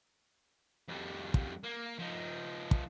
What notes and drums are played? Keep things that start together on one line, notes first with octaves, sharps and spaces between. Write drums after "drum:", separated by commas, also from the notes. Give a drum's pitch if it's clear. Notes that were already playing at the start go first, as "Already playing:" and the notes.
F2 G3
drum: kick
A#3
F3 D#4
drum: kick